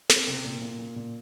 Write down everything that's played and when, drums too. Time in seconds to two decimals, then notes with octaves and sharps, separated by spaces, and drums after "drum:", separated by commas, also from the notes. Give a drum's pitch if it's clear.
0.09 C4, drum: snare
0.27 C3
0.44 A#2
0.61 A#2
0.79 A#2
0.96 A#2